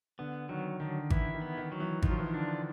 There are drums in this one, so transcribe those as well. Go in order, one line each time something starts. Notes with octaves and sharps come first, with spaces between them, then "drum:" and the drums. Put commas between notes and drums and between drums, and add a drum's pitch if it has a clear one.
D3 B3
D#3 F#3
D3 D#3
E3 E4, drum: kick G#1
D#3
B3
D#3
F#3
E3
D#3 F4, drum: kick G#1
F3
E3
D#3
D3 D4